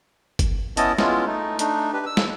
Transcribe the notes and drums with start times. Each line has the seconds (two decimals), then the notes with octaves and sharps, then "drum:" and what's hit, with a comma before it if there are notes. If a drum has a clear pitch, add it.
0.39 drum: kick G1, hi-hat
0.77 B3 C#4 E4 D#5 A5, drum: hi-hat
0.98 G#3 B3 C#4 E4 F4, drum: snare
1.26 A3 D#4
1.59 A3 D4 D#4, drum: hi-hat
1.93 D4 G4 B4
2.06 E6
2.17 drum: snare